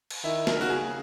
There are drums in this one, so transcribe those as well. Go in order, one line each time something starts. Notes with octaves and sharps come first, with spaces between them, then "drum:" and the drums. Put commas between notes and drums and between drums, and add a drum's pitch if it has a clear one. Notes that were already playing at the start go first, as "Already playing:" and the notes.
drum: cymbal
D#3 E4
A#4, drum: snare
C#3 F#4
G#4